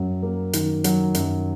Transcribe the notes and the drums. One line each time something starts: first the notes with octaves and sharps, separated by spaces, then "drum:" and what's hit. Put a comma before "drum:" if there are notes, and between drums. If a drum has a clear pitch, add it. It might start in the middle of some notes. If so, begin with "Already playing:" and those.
Already playing: F#2 F#3
A#3
D#3, drum: hi-hat
F#3, drum: hi-hat
F#2, drum: hi-hat